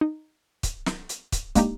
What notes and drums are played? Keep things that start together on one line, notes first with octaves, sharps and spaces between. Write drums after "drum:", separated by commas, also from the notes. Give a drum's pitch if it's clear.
D#4
drum: kick, hi-hat
drum: snare
drum: hi-hat
drum: kick, hi-hat
G#3 A#3 D4 D#4 G4, drum: kick, hi-hat